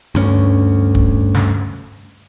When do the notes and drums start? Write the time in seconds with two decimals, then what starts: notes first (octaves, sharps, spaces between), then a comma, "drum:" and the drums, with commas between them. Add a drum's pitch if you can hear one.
0.15 D2 G2 C#4
0.95 drum: kick
1.35 drum: snare